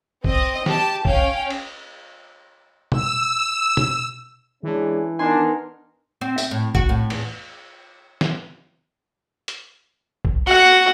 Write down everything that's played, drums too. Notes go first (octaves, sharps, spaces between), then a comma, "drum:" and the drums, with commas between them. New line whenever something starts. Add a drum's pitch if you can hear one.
C4 D#5, drum: kick
G4 A5, drum: snare
C#4 F5 G5, drum: kick
drum: cymbal
E6, drum: tom B2
drum: tom B2
E3 G#3 C#4 D4
B3 D4 D#4 A#4 G#5 C6
C4
E5, drum: tambourine
A2
F#4, drum: kick
A2
E2, drum: cymbal
drum: snare
drum: hi-hat
drum: kick
F#4 F#5